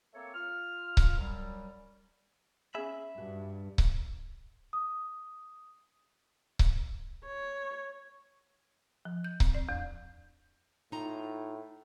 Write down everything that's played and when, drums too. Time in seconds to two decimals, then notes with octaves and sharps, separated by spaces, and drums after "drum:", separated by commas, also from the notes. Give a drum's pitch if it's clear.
0.14 A3 A#3 C4 A4 C#5
0.34 F4 F6
0.97 drum: kick C#1
1.18 F#2 F#3 G3
2.75 C#4 G#4 E5 B5
3.18 G2 F#4
3.78 drum: kick C#1
4.73 D#6
6.59 drum: kick C#1
7.25 C#5
9.05 F3
9.24 G6
9.40 C4, drum: kick C#1
9.55 D5
9.69 E2
10.92 A2 D#4 F4 A#5